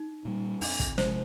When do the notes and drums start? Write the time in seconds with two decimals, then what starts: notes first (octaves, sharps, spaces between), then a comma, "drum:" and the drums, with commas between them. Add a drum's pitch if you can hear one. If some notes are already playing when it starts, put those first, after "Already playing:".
Already playing: D#4
0.25 A#2 G3
0.61 F2 D4, drum: open hi-hat
0.80 drum: kick, hi-hat
0.98 C3 F3 G#3 C5, drum: snare